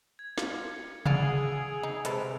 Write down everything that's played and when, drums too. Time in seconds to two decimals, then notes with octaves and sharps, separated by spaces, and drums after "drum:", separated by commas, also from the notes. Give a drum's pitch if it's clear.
0.19 G#6
0.38 F4 C#7, drum: snare
1.06 D4 F4 F#4 G#4 E6 D7 F7, drum: tom C3
1.83 D#4
2.05 C3 G#3 A4 B4, drum: hi-hat